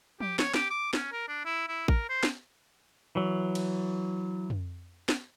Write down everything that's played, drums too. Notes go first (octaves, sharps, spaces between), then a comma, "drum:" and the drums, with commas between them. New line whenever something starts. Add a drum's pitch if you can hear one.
G4, drum: tom F3
C#5, drum: snare
G4, drum: snare
D6
C#4, drum: snare
A#4
D4
E4
E4
A#4, drum: kick A1
C5
drum: snare
E3 F#3
drum: cymbal
drum: tom F2
drum: snare